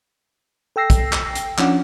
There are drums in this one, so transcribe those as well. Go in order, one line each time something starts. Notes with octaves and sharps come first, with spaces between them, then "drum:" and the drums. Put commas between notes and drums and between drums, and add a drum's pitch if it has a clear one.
A4 G5 E6 A#6 C7
drum: kick, hi-hat
drum: clap
drum: hi-hat
F3 C#4 D4 F#5 D6, drum: clap